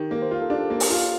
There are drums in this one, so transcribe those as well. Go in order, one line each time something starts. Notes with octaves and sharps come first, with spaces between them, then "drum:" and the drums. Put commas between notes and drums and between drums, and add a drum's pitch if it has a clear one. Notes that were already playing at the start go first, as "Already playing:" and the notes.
Already playing: D#3 G4
A#3
C5
F4 A#4
A4
D4 G4
A#3
drum: open hi-hat
F4